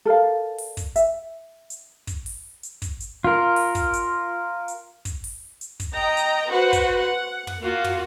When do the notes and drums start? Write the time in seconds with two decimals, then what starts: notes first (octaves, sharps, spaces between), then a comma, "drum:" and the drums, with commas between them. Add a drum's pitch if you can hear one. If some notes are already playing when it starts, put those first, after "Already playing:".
0.05 A4 A#4 D5 F5
0.58 drum: open hi-hat
0.77 drum: kick, hi-hat
0.96 E5, drum: hi-hat
1.70 drum: hi-hat
2.07 drum: kick, hi-hat
2.26 drum: open hi-hat
2.63 drum: hi-hat
2.82 drum: kick, hi-hat
3.00 drum: hi-hat
3.24 F4 A#4
3.56 drum: open hi-hat
3.75 drum: kick, hi-hat
3.93 drum: hi-hat
4.68 drum: hi-hat
5.05 drum: kick, hi-hat
5.24 drum: open hi-hat
5.61 drum: hi-hat
5.80 drum: kick, hi-hat
5.94 D#5 G5 A#5
6.17 drum: hi-hat
6.49 F#4 B4 C5 F#5
6.73 drum: kick, hi-hat
6.99 F#5
7.47 drum: tom
7.59 A#3 F4 F#4
7.84 drum: tom